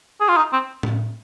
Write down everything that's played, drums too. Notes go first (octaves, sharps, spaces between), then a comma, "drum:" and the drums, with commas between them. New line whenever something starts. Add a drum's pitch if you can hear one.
G#4
F4
D#4
C4
drum: tom A2